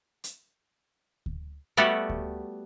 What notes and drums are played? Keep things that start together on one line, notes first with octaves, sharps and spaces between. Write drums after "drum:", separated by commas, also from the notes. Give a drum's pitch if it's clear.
drum: hi-hat
drum: kick D2
G3 A3 B3 F#4 G4 A4
drum: kick D2